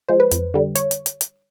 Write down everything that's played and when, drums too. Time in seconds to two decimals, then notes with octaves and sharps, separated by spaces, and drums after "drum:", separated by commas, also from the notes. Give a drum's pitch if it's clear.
0.09 F3 G#3 C5
0.20 B4
0.31 F2, drum: hi-hat
0.54 D3 G3
0.75 C#5, drum: hi-hat
0.91 drum: hi-hat
1.06 drum: hi-hat
1.21 drum: hi-hat